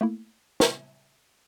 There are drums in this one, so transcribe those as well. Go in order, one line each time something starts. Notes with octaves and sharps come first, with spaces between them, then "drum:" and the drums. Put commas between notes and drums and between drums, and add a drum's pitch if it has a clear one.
A3 A#3 E4
drum: snare